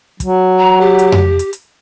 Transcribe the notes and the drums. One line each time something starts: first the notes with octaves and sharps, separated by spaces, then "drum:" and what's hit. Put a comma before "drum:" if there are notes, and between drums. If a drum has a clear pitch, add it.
F#3, drum: kick, hi-hat
A#5
G4
drum: hi-hat
drum: tom F2
drum: hi-hat
drum: hi-hat